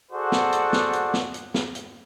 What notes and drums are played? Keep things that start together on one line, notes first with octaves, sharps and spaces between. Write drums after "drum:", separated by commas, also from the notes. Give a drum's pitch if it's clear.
F#4 G#4 A4 C5 D5 F#5
drum: snare
drum: hi-hat
drum: snare
drum: hi-hat
drum: snare
drum: hi-hat
drum: snare
drum: hi-hat